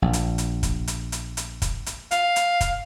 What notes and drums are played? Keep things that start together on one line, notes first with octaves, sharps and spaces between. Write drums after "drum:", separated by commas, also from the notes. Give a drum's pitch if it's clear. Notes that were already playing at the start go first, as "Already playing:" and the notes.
A#1
drum: hi-hat
drum: hi-hat
drum: kick, hi-hat
drum: hi-hat
drum: hi-hat
drum: hi-hat
drum: kick, hi-hat
drum: hi-hat
F5, drum: hi-hat
drum: hi-hat
drum: kick, hi-hat